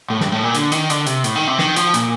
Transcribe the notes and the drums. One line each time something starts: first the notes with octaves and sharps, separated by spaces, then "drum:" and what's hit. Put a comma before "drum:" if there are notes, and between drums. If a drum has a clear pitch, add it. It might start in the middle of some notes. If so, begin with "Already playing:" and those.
A2
G2, drum: snare
A2
A#2
D3, drum: hi-hat
D#3, drum: hi-hat
D3, drum: hi-hat
C3, drum: hi-hat
A2, drum: hi-hat
D#3
C3
D#3, drum: snare
F3, drum: hi-hat
A#2, drum: hi-hat